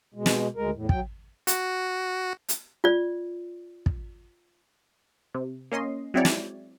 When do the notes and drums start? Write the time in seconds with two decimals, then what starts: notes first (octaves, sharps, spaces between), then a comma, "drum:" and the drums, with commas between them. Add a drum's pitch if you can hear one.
0.14 B2 G#3
0.26 drum: snare
0.56 D2 G#3 A#4
0.74 E2 A2
0.89 F#3 G5, drum: kick
1.47 F#4, drum: hi-hat
2.49 drum: hi-hat
2.84 F4 D5
3.86 drum: kick
5.35 C3
5.72 A#3 C#4 D#5 C6
6.14 F#3 G#3 C4 E4 C#5 D5
6.25 drum: snare